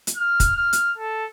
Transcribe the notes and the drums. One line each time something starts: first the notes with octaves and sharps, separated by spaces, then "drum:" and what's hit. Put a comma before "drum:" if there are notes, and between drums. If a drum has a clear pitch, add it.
drum: hi-hat
F6
drum: kick, hi-hat
F6
drum: hi-hat
A4